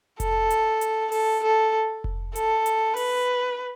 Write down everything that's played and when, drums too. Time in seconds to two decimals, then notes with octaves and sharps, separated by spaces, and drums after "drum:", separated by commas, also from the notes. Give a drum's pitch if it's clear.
0.20 A4, drum: kick F1, hi-hat
0.50 drum: hi-hat
0.81 drum: hi-hat
1.12 A4, drum: open hi-hat
1.43 A4
2.04 drum: kick F1
2.36 A4, drum: hi-hat
2.66 drum: hi-hat
2.97 B4, drum: open hi-hat